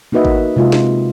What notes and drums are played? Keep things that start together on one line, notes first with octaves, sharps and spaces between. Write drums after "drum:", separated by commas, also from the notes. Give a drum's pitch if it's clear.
A#3 D#4 F#4 B4 D#5 E5
drum: kick G#1
C3 G#3 F4 D#5 E5
drum: snare